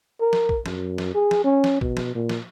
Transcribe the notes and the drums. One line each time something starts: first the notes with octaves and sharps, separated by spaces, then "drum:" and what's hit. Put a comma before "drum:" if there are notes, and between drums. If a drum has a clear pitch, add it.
A#4
drum: snare
drum: kick
F#2, drum: snare
drum: snare
G#4
drum: snare
C#4
drum: snare
B2, drum: kick
drum: snare
A#2
drum: snare